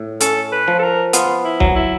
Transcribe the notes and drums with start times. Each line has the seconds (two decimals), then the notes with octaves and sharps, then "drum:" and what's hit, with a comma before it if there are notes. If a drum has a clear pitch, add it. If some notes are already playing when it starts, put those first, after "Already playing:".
Already playing: A2
0.21 C#4 A4, drum: hi-hat
0.52 B4
0.68 F3
0.79 A4
0.83 A#4
1.13 B3 F4, drum: hi-hat
1.44 E4
1.60 F#3, drum: kick
1.75 E4